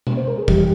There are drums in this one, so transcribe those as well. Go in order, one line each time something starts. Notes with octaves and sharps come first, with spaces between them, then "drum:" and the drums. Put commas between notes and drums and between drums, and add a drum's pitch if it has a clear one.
drum: tom B2
C5
A#4
G#4
F2 E3 G3 G4, drum: kick